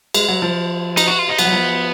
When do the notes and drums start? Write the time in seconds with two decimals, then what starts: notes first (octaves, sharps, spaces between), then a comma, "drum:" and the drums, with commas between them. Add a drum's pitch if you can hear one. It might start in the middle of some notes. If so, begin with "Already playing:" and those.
0.14 G#3, drum: cymbal
0.28 F#3
0.42 F3
0.97 D#4, drum: cymbal
1.07 F#4
1.19 F4
1.29 D#4
1.39 F3 B3, drum: cymbal
1.45 F#3
1.52 F3